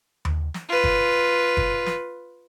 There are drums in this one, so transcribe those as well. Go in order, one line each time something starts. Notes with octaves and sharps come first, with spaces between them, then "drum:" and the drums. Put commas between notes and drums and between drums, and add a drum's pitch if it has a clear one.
drum: tom D#2
drum: snare
F4 B4
drum: kick
drum: kick
drum: snare